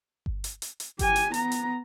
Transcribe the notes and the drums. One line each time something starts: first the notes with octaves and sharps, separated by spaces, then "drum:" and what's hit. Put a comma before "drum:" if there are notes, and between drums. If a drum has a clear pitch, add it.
drum: kick G1
drum: hi-hat
drum: hi-hat
drum: hi-hat
G4 G#5, drum: kick G1, hi-hat
drum: hi-hat
B3 A#5, drum: hi-hat
drum: hi-hat